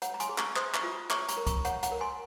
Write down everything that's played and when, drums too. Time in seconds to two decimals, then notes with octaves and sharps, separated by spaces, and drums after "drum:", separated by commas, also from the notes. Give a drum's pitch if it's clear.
0.02 C#5 F#5 A#5, drum: hi-hat
0.14 A#5
0.20 G#5 C6, drum: hi-hat
0.29 G#4
0.38 A#5 C#6, drum: clap
0.56 C5 C6 D#6, drum: clap
0.74 A#5 C#6, drum: clap
0.84 F4
1.10 C#5 A#5 C#6, drum: clap
1.29 A#5 C#6, drum: hi-hat
1.37 A#4
1.47 A#5 C#6, drum: kick C2, hi-hat
1.65 C#5 F#5 A#5, drum: hi-hat
1.83 F#5 A#5, drum: hi-hat
1.92 A#4
2.01 G#5 C6